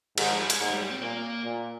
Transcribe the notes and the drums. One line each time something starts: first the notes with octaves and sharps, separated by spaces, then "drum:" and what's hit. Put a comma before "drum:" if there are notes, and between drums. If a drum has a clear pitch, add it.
G#2 D#3, drum: cymbal
F3
G3
G#3, drum: hi-hat
G#2 A#3
G3
G3
C4
A#2 A#3
A#2